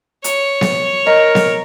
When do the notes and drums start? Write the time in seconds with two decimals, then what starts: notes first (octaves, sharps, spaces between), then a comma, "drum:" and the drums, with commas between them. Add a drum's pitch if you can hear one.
0.24 C#5, drum: hi-hat
0.61 drum: snare B3
1.07 A#4 D#5
1.35 drum: snare B3